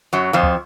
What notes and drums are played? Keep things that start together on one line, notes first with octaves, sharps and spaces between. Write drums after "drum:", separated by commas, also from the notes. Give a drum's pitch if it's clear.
F#2 F#3
F2 F3
drum: kick